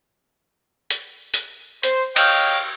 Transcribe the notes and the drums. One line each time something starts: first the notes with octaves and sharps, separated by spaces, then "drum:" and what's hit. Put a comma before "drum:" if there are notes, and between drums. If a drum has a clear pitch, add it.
drum: hi-hat
drum: hi-hat
C5, drum: hi-hat
C#5 D#5 F5 G5, drum: cymbal